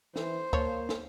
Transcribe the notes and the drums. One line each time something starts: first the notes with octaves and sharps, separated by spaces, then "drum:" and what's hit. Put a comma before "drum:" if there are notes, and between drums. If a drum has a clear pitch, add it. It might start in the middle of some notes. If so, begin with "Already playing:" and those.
E3 C5, drum: snare
F3 A#3 C#5, drum: kick D2
drum: snare